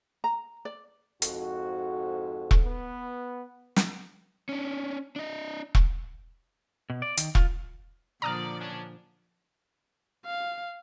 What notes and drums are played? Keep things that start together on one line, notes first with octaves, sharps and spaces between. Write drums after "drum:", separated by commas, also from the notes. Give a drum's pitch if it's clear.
A#5
D5
F2 G#2 F#4 A4, drum: hi-hat
drum: kick E1
B3 B4
drum: snare
C#4 D4
D4 D#5
drum: kick E1
B2
D5
D#3, drum: hi-hat
F4, drum: kick E1
A#2 D3 F3 D5 A#5 D#6 F6
C#4 D4
F5